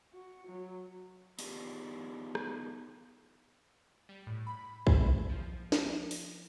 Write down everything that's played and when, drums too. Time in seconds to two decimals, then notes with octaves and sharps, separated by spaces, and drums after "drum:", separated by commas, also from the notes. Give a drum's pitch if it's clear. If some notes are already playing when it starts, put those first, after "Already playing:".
0.13 F#4
0.47 F#3
1.39 B3 D4 D#4 F4 G4 G#4, drum: open hi-hat
2.35 drum: rim click
4.09 G3
4.27 A2
4.47 B5
4.87 B5, drum: kick A#1
5.29 F3
5.72 drum: snare
6.11 drum: open hi-hat